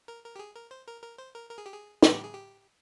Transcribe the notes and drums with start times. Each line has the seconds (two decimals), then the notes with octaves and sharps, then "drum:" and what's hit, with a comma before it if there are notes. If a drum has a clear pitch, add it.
0.08 A#4
0.24 A#4
0.36 G4
0.39 G#4
0.56 A#4
0.71 C5
0.87 A#4
1.03 A#4
1.18 C5
1.34 A#4
1.50 A#4
1.58 G#4
1.66 G4
1.73 G#4
2.02 drum: snare
2.14 G4
2.24 G#4
2.34 G4